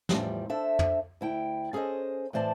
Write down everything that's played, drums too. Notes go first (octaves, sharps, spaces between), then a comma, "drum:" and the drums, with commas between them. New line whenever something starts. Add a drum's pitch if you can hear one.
E2 A2 F3 G3, drum: snare
D4 A4 C5 E5
drum: tom
D2 E4 G5
C#4 G#4 A4 C5 D#5
A2 E3 C5 D5 A5